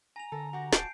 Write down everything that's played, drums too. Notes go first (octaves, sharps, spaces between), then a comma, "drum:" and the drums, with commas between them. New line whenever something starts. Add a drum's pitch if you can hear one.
G#5 A#5 F7
D3 A4 A#4
F#4 G4
D1 A5 G6 C7 D7, drum: snare